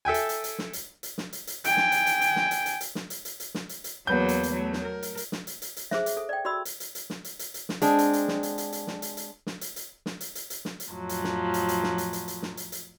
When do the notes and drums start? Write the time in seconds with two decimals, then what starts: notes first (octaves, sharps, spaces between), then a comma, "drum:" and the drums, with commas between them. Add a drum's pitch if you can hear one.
0.05 A4 E5 G5 G#5
0.14 drum: hi-hat
0.29 drum: hi-hat
0.44 drum: hi-hat
0.59 drum: snare
0.73 drum: hi-hat
1.03 drum: hi-hat
1.18 drum: snare
1.33 drum: hi-hat
1.47 drum: hi-hat
1.64 G5 G#5, drum: hi-hat
1.77 drum: snare
1.92 drum: hi-hat
2.07 drum: hi-hat
2.21 drum: hi-hat
2.36 drum: snare
2.51 drum: hi-hat
2.66 drum: hi-hat
2.81 drum: hi-hat
2.95 drum: snare
3.10 drum: hi-hat
3.25 drum: hi-hat
3.40 drum: hi-hat
3.55 drum: snare
3.69 drum: hi-hat
3.84 drum: hi-hat
4.07 E2 F#3 A#3 B4 G6
4.29 drum: hi-hat
4.43 drum: hi-hat
4.53 F#3 A3
4.73 drum: snare
4.83 A#4
5.03 drum: hi-hat
5.17 drum: hi-hat
5.32 drum: snare
5.47 drum: hi-hat
5.62 drum: hi-hat
5.77 drum: hi-hat
5.91 G#4 C5 E5, drum: snare
6.06 drum: hi-hat
6.17 A4
6.29 D5 G5
6.45 F#4 D5 B5 E6
6.65 drum: hi-hat
6.80 drum: hi-hat
6.95 drum: hi-hat
7.10 drum: snare
7.25 drum: hi-hat
7.39 drum: hi-hat
7.54 drum: hi-hat
7.69 drum: snare
7.82 G#3 C4 D4, drum: hi-hat
7.99 drum: hi-hat
8.13 drum: hi-hat
8.28 drum: snare
8.43 drum: hi-hat
8.58 drum: hi-hat
8.73 drum: hi-hat
8.87 drum: snare
9.02 drum: hi-hat
9.17 drum: hi-hat
9.47 drum: snare
9.61 drum: hi-hat
9.76 drum: hi-hat
10.06 drum: snare
10.21 drum: hi-hat
10.35 drum: hi-hat
10.50 drum: hi-hat
10.65 drum: snare
10.80 drum: hi-hat
10.91 F2 A2 F3 F#3
11.09 drum: hi-hat
11.24 drum: snare
11.54 drum: hi-hat
11.69 drum: hi-hat
11.83 drum: snare
11.98 drum: hi-hat
12.13 drum: hi-hat
12.28 drum: hi-hat
12.43 drum: snare
12.57 drum: hi-hat
12.72 drum: hi-hat